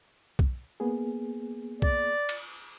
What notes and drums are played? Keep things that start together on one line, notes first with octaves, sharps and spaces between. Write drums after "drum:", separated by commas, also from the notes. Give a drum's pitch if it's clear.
drum: kick B1
A#3 B3 G#4
D5, drum: kick B1
drum: cymbal